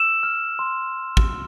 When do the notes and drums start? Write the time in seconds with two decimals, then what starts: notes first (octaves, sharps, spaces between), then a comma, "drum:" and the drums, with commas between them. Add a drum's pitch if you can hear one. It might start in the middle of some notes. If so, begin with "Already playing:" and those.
Already playing: E6 E7
0.23 F6
0.59 C6
1.17 drum: kick